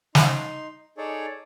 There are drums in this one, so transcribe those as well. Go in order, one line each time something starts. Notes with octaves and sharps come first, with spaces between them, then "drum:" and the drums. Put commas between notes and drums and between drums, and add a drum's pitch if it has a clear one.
D#4 C6, drum: snare
D#4 G#4 A4 C#5 D5